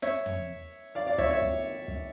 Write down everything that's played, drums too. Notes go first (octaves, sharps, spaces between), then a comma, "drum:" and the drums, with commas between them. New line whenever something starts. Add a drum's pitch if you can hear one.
C#5 E5, drum: snare
drum: tom
D5 F5
D5 F5
C#5 E5, drum: kick
C#5 E5
drum: kick
drum: kick